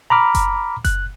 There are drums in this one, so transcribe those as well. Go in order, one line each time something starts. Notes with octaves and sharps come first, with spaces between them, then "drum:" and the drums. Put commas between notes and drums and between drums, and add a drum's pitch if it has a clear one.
A#5 B5 D6 F6
drum: kick F#1, hi-hat
F#6, drum: kick F#1, hi-hat